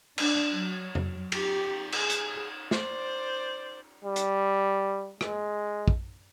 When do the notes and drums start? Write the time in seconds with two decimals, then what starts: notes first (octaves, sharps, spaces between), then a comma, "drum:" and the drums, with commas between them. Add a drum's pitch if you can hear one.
0.18 D4, drum: cymbal
0.52 F#3
0.95 drum: tom F2
1.32 G4, drum: cymbal
1.92 G#4, drum: cymbal
2.10 drum: hi-hat
2.71 C5 D5, drum: snare
4.05 G3
4.16 drum: hi-hat
5.21 G#3, drum: rim click
5.88 drum: kick